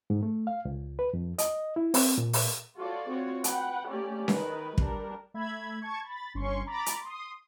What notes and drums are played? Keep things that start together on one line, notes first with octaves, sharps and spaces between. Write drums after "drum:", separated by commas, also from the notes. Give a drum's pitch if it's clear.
G#2
A3
F5
C#2
B4
F2
D#5, drum: hi-hat
E4
C4, drum: open hi-hat
A#2
drum: open hi-hat
F4 F#4 A4 C#5 D5
C4 F4 F#4 C#5
B4 F#5 G5, drum: hi-hat
A3 A#3 C#4 G4 D5
D#3 A#4 B4, drum: snare C#4
G3 D4 A#4, drum: kick
A3 E5 B5 G#6
A5 C#6 G#6
B5 A6
G1 C#4 C6 C#6
A#5 B5 D6 A6
drum: hi-hat
C6 D#6